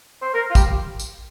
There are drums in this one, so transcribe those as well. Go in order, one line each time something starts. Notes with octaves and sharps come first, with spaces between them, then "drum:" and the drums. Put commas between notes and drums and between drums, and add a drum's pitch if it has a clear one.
C5
A#4
F4
G4, drum: kick, tambourine
drum: tambourine